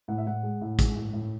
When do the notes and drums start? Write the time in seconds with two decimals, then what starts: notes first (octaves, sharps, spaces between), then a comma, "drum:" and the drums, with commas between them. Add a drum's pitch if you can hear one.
0.08 A2 F#5
0.18 E5
0.26 A2 F#5
0.43 G#3
0.61 A2
0.79 G#3, drum: kick, hi-hat
0.96 A2
1.13 A2